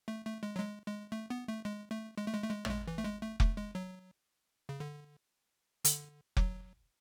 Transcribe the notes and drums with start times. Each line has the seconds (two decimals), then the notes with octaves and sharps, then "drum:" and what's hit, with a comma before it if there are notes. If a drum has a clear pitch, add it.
0.08 A3
0.26 A3
0.43 G#3
0.56 F#3
0.60 G#3
0.87 G#3
1.12 A3
1.30 B3
1.47 A3
1.65 G#3
1.91 A3
2.18 G#3
2.26 A3
2.34 G#3
2.43 A3
2.51 G#3
2.65 A3, drum: tom
2.70 G#3
2.87 E3
2.98 A3
3.05 G#3
3.22 A3
3.40 A3, drum: kick F1
3.57 G#3
3.75 F#3
4.69 C#3
4.80 D3
5.85 D3, drum: hi-hat
6.37 F#3, drum: kick F1